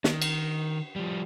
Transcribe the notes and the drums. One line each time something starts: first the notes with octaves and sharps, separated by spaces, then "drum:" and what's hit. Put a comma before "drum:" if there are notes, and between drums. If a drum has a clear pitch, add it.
D#3, drum: snare
drum: cymbal
F3 G3